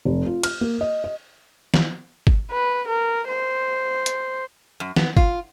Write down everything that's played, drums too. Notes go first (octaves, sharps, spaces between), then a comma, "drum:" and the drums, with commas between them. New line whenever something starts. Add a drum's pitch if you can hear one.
F1
F4
F6, drum: cymbal
A#3
D#5
D#5
drum: snare
drum: kick G#1
B4
A#4
C5
drum: hi-hat
F#2
B3, drum: snare
F4, drum: kick G#1